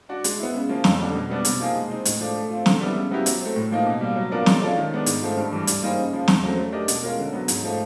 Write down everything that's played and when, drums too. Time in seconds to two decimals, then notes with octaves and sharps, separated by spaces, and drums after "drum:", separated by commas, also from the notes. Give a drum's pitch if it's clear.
0.09 D4 F#4
0.24 G#3, drum: hi-hat
0.39 B3 E4
0.54 C#3
0.69 F3 A#3 C#4 F4
0.84 F2, drum: snare
0.99 D3 G3
1.15 B2
1.30 G3 B3 D4
1.45 C3, drum: hi-hat
1.60 F3 A#3 D#4 G#4
1.75 G#3
1.90 C4 D#4
2.05 A2, drum: hi-hat
2.20 F3 A3 D4
2.35 A3
2.50 C4 F4
2.66 D3, drum: snare
2.80 G3 B3 E4
2.96 C#3
3.11 F#3 B3 E4 G4
3.26 F#3, drum: hi-hat
3.41 A3 C4
3.56 A2
3.71 F3 A#3 D#4
3.86 B2
4.01 G3 A#3
4.16 F#3
4.31 B3 D4 F4 A#4
4.46 G#3, drum: snare
4.62 C#4 F4 A4 D5
4.77 D#3
4.92 G#3 B3 D4
5.06 G#2, drum: hi-hat
5.22 F3 A3 C4
5.37 G2
5.52 E3 G3
5.67 G3, drum: hi-hat
5.82 A#3 D#4 G#4 C5
5.97 C#3
6.13 F3 G#3
6.28 E2, drum: snare
6.42 C#3 F#3 A3 C4
6.58 A3
6.72 D4 G4 A#4 D#5
6.88 B2, drum: hi-hat
7.03 G#3 C#4 F4 A#4
7.19 D3
7.33 F#3 B3
7.48 G#2, drum: hi-hat
7.63 F3 A3